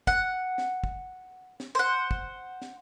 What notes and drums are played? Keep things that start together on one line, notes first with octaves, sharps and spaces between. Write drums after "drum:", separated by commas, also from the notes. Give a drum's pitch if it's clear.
F#5, drum: kick
drum: snare
drum: kick
drum: snare
C5 F#5
drum: kick
drum: snare